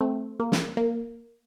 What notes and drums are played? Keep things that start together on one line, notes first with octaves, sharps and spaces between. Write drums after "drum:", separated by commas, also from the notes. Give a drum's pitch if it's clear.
A3 C4
A#3
drum: snare
A#3